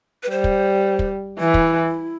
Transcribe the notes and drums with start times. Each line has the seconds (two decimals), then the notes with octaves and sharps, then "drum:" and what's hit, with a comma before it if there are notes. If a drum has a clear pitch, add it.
0.23 B4
0.30 G3 C5
0.44 drum: kick
0.99 drum: kick
1.40 E3 E4
1.54 drum: kick